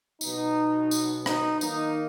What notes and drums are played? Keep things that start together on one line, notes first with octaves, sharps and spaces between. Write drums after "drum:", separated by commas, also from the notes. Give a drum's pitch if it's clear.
B2 F#3 B3 D#4, drum: tambourine
drum: tambourine
D#4, drum: rim click
D#3 A#3 D#4, drum: tambourine